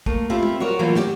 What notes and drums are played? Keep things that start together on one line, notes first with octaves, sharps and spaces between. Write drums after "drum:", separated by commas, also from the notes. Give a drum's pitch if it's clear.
A3 A#3, drum: kick
A3 C4 E4 F4 G4
drum: tom
F#4 A#4 C#5 D5
E3 F#3 A3 A#3 C4 F4
F#4 G4 D5, drum: snare